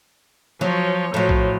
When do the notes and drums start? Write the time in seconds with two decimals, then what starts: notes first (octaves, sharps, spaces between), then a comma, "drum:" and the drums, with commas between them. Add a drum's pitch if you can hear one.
0.61 F3 F#3 C#5, drum: snare
1.14 A2 F3 F#3
1.29 drum: kick A#1